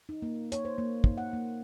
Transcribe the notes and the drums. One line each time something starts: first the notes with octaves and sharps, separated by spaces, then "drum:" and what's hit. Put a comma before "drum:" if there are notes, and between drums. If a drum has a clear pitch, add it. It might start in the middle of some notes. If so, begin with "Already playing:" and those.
D#4
A#3
C#5, drum: hi-hat
C5
A#3
D#4, drum: kick
F#5
A#3